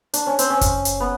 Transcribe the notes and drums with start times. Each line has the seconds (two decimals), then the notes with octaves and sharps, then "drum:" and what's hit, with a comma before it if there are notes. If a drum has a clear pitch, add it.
0.14 D4, drum: hi-hat
0.27 C#4
0.39 C4, drum: hi-hat
0.50 C#4
0.61 drum: kick F#1, hi-hat
0.85 drum: hi-hat
1.00 B3